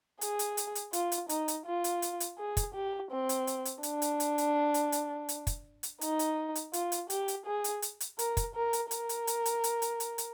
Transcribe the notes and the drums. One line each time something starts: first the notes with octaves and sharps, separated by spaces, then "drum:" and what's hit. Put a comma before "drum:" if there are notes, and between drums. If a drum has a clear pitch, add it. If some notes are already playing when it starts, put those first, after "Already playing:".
G#4, drum: hi-hat
drum: hi-hat
drum: hi-hat
drum: hi-hat
F4, drum: hi-hat
drum: hi-hat
D#4, drum: hi-hat
drum: hi-hat
F4
drum: hi-hat
drum: hi-hat
drum: hi-hat
G#4
drum: kick, hi-hat
G4
C4
drum: hi-hat
drum: hi-hat
drum: hi-hat
D4, drum: hi-hat
drum: hi-hat
drum: hi-hat
drum: hi-hat
drum: hi-hat
drum: hi-hat
drum: hi-hat
drum: kick, hi-hat
drum: hi-hat
D#4, drum: hi-hat
drum: hi-hat
drum: hi-hat
F4, drum: hi-hat
drum: hi-hat
G4, drum: hi-hat
drum: hi-hat
G#4
drum: hi-hat
drum: hi-hat
drum: hi-hat
A#4, drum: hi-hat
drum: kick, hi-hat
A#4
drum: hi-hat
A#4, drum: hi-hat
drum: hi-hat
drum: hi-hat
drum: hi-hat
drum: hi-hat
drum: hi-hat
drum: hi-hat
drum: hi-hat